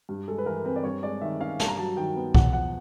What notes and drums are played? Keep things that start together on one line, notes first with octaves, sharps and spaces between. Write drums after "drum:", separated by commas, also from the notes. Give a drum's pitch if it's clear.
G2
G#3 A4
B4
E3 A#4
C4 B4
D5
G2 C#5
G#3 D5
D#3 E5
C#4 F5
G2 A5, drum: snare
A#5
F#3 A5
D#3 G5
B3
E2 F#5, drum: kick B1
F3 F#5